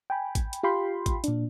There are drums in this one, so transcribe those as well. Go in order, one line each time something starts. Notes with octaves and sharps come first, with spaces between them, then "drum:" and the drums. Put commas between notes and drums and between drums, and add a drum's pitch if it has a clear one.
G5 G#5 B5
drum: kick, hi-hat
drum: hi-hat
F4 G4 F5 G5 B5 C6
drum: kick, hi-hat
A#2 D4, drum: hi-hat